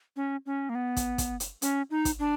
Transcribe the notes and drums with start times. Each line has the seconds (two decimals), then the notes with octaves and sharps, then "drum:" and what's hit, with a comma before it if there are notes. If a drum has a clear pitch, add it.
0.16 C#4
0.46 C#4
0.69 A#3
0.75 B3
0.97 drum: kick, hi-hat
1.18 drum: kick, hi-hat
1.40 drum: hi-hat
1.62 C#4, drum: hi-hat
1.91 D#4
2.05 drum: kick, hi-hat
2.19 D4